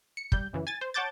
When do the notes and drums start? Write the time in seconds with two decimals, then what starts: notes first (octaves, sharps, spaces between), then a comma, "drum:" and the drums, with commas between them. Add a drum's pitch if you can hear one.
0.17 C#7
0.32 G3 G6, drum: kick
0.53 F#2 C#3 E3
0.67 G#5 A6
0.81 C5
0.94 C#5 F#5 A5 D6 G6 A6